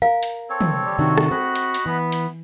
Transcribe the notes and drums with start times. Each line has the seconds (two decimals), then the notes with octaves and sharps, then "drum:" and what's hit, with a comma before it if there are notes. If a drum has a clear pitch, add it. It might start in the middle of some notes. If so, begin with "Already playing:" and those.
0.02 A#4 F5
0.23 drum: hi-hat
0.49 C4 A4 C#5
0.61 drum: tom
0.85 G3
0.99 C3 D#3 D4 F#4
1.18 drum: rim click
1.31 C4 D#5 F#5 B5
1.56 drum: hi-hat
1.74 drum: hi-hat
1.86 E3 B3
2.12 drum: hi-hat